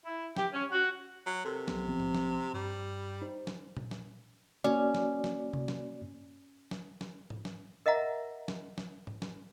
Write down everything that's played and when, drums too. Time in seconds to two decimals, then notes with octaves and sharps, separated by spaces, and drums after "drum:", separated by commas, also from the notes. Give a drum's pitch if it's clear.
0.06 E4
0.36 G4, drum: snare
0.53 C#4
0.72 F#4
1.26 F#3
1.45 C3 A4 A#4
1.68 B1 F#3 B3, drum: snare
1.87 A#1 F3 C4
2.00 drum: tom G#2
2.14 drum: snare
2.54 G2 G3
3.22 D#4 C5
3.47 drum: snare
3.77 drum: tom A#2
3.91 drum: snare
4.64 A#3 C#4 F#4 D5
4.94 drum: snare
5.24 drum: snare
5.53 drum: tom C3
5.68 drum: snare
6.71 drum: snare
7.01 drum: snare
7.30 drum: tom G#2
7.45 drum: snare
7.86 A#4 D#5 E5 F#5 A#5
8.48 drum: snare
8.78 drum: snare
9.07 drum: tom G#2
9.22 drum: snare